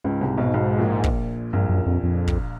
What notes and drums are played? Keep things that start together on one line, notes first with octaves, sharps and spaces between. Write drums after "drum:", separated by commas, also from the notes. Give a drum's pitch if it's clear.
C#2 G#2 C#3
C2 C3
B1 B2
B1 B2
A#1 A#2
drum: kick
A#1 G2 A#2
F#2
F2
F2
drum: kick